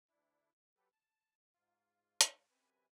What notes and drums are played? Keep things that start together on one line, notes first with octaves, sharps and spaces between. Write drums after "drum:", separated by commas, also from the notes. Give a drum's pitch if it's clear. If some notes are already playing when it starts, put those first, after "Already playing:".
D2 D4 E4
F#3 G4 A4 B4
A5
G#2 F4
drum: hi-hat
F#2 C3 C4 B4 G#5